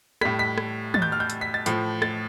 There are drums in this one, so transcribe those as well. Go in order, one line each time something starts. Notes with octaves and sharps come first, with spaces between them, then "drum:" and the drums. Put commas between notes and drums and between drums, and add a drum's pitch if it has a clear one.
A2 G3 B6, drum: rim click
B6
drum: rim click
A6, drum: tom
G6
F6
G6
drum: hi-hat
B6
A6
A2 F3, drum: hi-hat
A6, drum: rim click